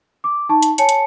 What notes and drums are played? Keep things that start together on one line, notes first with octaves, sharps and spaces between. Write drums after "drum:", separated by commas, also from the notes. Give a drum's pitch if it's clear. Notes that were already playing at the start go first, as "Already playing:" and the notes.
D6
D#4 A5 C#6
drum: hi-hat
C#5 G#5 A5 C#7, drum: hi-hat
drum: hi-hat